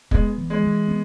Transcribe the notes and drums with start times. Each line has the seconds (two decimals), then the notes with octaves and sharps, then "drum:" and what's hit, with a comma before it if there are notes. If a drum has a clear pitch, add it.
0.11 G#3 B3, drum: kick
0.38 E3
0.50 G#3
0.64 E3
0.88 B3